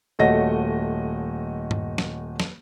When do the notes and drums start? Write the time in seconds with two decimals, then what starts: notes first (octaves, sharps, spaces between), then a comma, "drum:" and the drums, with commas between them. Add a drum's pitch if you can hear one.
0.19 D#1 A3 F#4 C#5 D#5 A#6
1.71 drum: tom G2
1.98 drum: snare
2.40 drum: snare